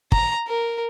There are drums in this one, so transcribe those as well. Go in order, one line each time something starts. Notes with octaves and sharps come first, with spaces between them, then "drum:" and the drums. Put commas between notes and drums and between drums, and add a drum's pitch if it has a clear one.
A#5, drum: kick
A#4